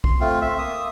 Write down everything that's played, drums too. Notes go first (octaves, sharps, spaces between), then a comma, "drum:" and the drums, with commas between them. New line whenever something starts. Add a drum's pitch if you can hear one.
C6, drum: kick
A3 C4 F4
E5
A#3 E5 D#6